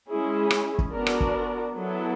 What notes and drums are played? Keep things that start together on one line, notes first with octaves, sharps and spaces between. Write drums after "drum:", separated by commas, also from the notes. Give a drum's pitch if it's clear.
G#3 C#4 E4 G#4
drum: rim click
drum: kick
B3 D4 F#4 A#4 D5
drum: rim click
drum: kick
F#3 B3 E4 A4